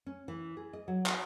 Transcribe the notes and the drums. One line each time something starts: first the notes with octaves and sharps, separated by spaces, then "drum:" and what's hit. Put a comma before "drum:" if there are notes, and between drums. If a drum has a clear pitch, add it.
C#4
E3
G#4
D#5
F#3
drum: clap